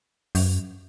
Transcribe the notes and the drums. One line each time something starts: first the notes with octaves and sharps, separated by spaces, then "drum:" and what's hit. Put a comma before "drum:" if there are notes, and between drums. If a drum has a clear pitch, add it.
F#2, drum: open hi-hat